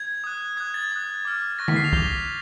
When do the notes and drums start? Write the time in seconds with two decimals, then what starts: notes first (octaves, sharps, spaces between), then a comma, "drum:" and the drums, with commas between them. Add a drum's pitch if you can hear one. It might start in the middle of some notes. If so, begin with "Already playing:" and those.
Already playing: G#6
0.24 D#6 F#6
0.57 D#6 F#6 G#6
0.74 A6
0.92 D#6 F#6
1.25 D6 F6
1.59 C#6 F#6 A#6
1.68 B6, drum: tom D3
1.76 C7
1.84 F7
1.93 D6 G6 G7, drum: kick